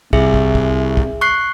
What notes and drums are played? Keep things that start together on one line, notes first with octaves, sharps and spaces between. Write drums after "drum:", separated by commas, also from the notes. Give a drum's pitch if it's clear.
C2 G#4 E5, drum: kick
drum: kick
drum: kick
drum: kick
C#6 F#6 C7